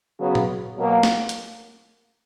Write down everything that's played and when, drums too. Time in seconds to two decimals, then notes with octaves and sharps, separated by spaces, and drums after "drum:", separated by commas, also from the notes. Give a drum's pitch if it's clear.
0.20 C#3 F#3 B3
0.35 drum: tom A#2
0.79 B2 F#3 A#3
1.03 drum: snare
1.29 drum: hi-hat